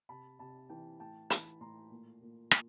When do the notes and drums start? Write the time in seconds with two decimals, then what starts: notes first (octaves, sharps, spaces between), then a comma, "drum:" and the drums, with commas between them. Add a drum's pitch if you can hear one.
0.09 C3 A5 B5
0.39 C3 A5 B5
0.69 E3 G5 A5
1.00 A2 G5 A5
1.30 E3 A5 B5, drum: hi-hat
1.61 A2 A#5 C6
1.91 A#2
2.22 A#2
2.51 A#2, drum: rim click